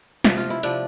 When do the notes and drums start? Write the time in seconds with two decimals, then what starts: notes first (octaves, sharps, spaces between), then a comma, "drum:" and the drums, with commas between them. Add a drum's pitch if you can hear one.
0.24 C3 F3, drum: snare
0.37 F4
0.50 E4
0.63 C3 F3 D4, drum: hi-hat